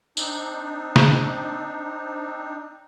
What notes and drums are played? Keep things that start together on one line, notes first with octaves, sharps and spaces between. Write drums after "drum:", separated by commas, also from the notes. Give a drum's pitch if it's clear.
C4 D4 D#4, drum: tambourine
drum: snare